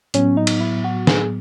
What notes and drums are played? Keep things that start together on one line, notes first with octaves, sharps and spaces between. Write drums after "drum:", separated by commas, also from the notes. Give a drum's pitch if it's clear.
A2 F#3 B3 C#4, drum: hi-hat
D#4
drum: cymbal
E4
F#4
G#4, drum: snare